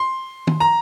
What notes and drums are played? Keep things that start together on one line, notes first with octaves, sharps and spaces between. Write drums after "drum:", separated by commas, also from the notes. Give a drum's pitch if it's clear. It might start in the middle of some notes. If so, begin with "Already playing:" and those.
Already playing: C6
drum: tom
A#5